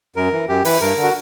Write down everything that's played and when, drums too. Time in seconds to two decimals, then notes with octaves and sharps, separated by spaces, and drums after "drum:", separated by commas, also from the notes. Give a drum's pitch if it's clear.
0.16 F#2 A#4
0.32 E3
0.49 F#2 G4
0.65 E3 B4, drum: open hi-hat
0.81 G2 A#4
0.97 D3
1.03 F#4